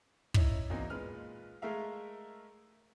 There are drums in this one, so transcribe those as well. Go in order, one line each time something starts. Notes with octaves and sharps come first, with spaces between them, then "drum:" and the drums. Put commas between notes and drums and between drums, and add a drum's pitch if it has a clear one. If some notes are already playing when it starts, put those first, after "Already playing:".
C#4 D#4 E4, drum: kick
E2 B2 A#3 C4 D#4
A#2 G#3 B4 F6
G#3 A3 G#4 A#4 E5 F5